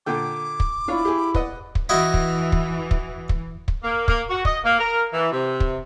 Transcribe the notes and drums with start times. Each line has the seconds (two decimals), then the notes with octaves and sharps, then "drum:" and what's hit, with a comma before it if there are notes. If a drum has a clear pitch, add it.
0.06 A#2 D3 G5 D6
0.60 drum: kick
0.88 D4 E4 F4 C#5
1.05 G4 G#4
1.35 B4 D5 D#5 F#5, drum: kick
1.75 drum: kick
1.89 E3 E4 F#4 D#5
2.14 drum: kick
2.52 drum: kick
2.91 drum: kick
3.29 drum: kick
3.68 drum: kick
3.83 A#3
4.08 A#3, drum: kick
4.30 F#4
4.45 D#5, drum: kick
4.64 A#3
4.79 A#4
5.13 E3
5.32 C3
5.60 drum: kick